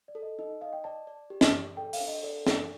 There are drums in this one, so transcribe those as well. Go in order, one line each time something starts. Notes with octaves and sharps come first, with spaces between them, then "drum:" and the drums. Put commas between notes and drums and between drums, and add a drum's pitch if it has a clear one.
D5
A4
D#5
D#4 D#5
D#5
D#5 F5
G5
D5 A5
D5
G4
drum: snare
D5
A4 G5
F5, drum: open hi-hat
D4
D#5
A4 D5
D4, drum: snare